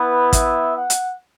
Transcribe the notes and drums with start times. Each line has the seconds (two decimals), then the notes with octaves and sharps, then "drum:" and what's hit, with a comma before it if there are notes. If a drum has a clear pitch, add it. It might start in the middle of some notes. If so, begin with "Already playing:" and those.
Already playing: B3 E4 B4
0.33 E5, drum: kick, hi-hat
0.76 F#5
0.90 drum: hi-hat